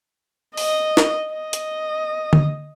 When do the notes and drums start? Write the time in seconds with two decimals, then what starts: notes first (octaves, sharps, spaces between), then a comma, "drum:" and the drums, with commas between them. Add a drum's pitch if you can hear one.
0.57 D#5, drum: open hi-hat
0.97 drum: snare
1.34 D#5
1.53 drum: hi-hat
2.33 drum: tom D3